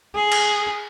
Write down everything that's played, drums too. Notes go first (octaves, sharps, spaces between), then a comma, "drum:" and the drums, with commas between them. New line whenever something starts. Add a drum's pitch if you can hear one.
G#4
drum: cymbal